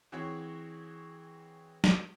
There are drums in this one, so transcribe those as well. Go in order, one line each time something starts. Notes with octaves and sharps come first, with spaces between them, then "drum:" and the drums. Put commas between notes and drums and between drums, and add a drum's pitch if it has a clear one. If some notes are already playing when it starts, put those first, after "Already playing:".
E3 C4 F#4 G#4 C#5
drum: snare